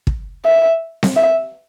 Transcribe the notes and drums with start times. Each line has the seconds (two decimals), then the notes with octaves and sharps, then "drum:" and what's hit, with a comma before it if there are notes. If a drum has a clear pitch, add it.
0.07 drum: kick
0.45 E5
1.03 drum: snare C4
1.16 E5